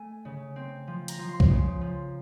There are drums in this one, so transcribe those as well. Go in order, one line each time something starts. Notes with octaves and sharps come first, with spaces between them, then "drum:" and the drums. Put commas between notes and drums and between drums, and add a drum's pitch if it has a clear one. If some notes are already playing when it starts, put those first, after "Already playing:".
Already playing: A3 G#5
C#3
C4
F3
A#5, drum: hi-hat
F3
C6
drum: kick
C#3
F3